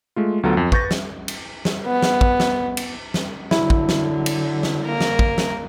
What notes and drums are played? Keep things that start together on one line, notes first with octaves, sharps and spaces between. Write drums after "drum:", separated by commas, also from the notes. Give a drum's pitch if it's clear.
G#3 A3 F4
D2 F#3 B3 F4 A4 A#5
F2
B4 C#6 G6 A6 A#6, drum: kick
drum: snare
drum: cymbal
drum: snare
B3
drum: snare
drum: kick
drum: snare
drum: cymbal
drum: snare
D3 F#3 E4, drum: snare
drum: kick
drum: snare
drum: cymbal
drum: snare
A#3 A#4
drum: snare
drum: kick
drum: snare